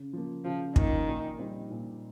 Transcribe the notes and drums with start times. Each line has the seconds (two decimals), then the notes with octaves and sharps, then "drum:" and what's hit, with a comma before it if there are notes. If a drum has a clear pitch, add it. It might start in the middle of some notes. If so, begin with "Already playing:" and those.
Already playing: C#3
0.13 F3 A#3
0.44 C#3 F3
0.76 D#3 F3 A#3, drum: kick
1.08 A#2
1.39 G3 C4 D#4
1.70 A#2